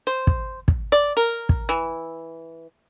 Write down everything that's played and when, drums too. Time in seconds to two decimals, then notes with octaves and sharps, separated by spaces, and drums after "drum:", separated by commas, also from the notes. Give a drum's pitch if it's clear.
0.07 C5
0.27 drum: kick
0.68 drum: kick
0.92 D5
1.17 A#4
1.49 drum: kick
1.69 E3